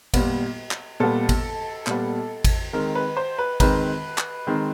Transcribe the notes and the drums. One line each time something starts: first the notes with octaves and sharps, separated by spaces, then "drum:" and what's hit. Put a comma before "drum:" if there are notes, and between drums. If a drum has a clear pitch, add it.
A#2 G3 B3, drum: kick G#1, cymbal
drum: clap
A#2 G3 B3 A4
drum: kick G#1, cymbal
A#2 G3 B3, drum: clap
drum: kick G#1, cymbal
D#3 G#3 C4 A#4
B4
C5
B4
D#3 G#3 C4 B4, drum: kick G#1, cymbal
drum: clap
D#3 G#3 C4